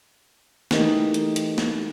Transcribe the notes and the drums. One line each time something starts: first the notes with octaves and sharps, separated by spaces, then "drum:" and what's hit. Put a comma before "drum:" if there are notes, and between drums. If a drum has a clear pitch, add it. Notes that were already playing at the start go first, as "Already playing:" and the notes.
E3 A3 D#4 G4 A#4 D#5, drum: snare
drum: hi-hat
drum: hi-hat
drum: snare